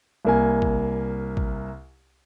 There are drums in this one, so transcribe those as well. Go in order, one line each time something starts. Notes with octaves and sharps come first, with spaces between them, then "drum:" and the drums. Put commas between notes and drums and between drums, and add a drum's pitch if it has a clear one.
C2 A#3 G#5
drum: kick
drum: kick